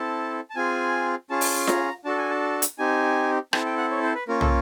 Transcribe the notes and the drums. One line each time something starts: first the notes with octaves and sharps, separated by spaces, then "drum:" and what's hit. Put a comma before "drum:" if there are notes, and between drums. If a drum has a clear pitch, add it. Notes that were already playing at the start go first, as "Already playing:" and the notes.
Already playing: C4 E4 A4 A5
A5
C4 F4 G#4 G#5
C#4 F4 G#4 A5
drum: open hi-hat
A#5, drum: snare F4
D4 F#4 A4 A5
G#5
A5
drum: hi-hat
C4 D#4 G4 G#5
C4 E4 A4 A5, drum: rim click
G5
F#5
C#5
C5
B4
A#3 C#4 F4 A#4
A4, drum: tom